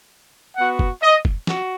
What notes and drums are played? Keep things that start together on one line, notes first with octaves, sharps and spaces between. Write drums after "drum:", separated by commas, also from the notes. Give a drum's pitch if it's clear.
B3 F#4 F#5
drum: kick
D#5
drum: kick
F#4, drum: snare